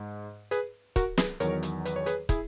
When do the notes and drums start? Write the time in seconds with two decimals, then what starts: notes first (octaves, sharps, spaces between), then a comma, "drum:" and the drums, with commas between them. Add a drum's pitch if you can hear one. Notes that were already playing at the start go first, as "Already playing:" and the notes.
Already playing: G#2
0.51 G#4 B4, drum: hi-hat
0.96 F#4 A#4, drum: kick, hi-hat
1.17 G#4 B4, drum: snare
1.40 E2 D#3 F#3 A#4 C#5, drum: hi-hat
1.63 drum: hi-hat
1.85 B4, drum: hi-hat
1.96 C#5
2.06 G#4 B4, drum: hi-hat
2.29 E4 G#4, drum: kick, hi-hat